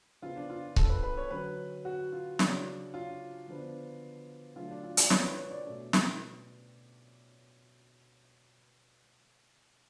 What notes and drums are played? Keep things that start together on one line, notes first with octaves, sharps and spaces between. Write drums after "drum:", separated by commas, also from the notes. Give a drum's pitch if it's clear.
C#3 F3 B3 F4
D4
F4
A4, drum: kick C#1
B4
B4
C#5
D3 F#3 C#4 B4
F#4
F4
C#3 F#3 C#4 D4, drum: snare
F4
D3 F3 B3 D4
D3 F#3 A3 D4 F4
D4
F4
D5, drum: hi-hat
C#5, drum: snare
B4
C#5
D5
B2 A3 C#4
drum: snare